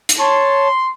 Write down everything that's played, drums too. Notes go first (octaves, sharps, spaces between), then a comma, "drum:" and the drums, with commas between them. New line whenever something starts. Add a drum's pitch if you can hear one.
drum: hi-hat
C#5 A5 C6